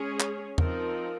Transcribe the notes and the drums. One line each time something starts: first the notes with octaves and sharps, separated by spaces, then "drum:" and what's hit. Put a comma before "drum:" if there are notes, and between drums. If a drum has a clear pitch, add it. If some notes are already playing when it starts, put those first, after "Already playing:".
Already playing: G#3 C#4 G#4 C#5
drum: clap
F3 C4 D#4 A#4, drum: tom E2